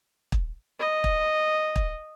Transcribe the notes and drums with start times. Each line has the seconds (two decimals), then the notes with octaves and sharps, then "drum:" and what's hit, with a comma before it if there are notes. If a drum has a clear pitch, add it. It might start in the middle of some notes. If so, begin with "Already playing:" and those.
0.32 drum: kick
0.80 D#5
1.04 drum: kick
1.76 drum: kick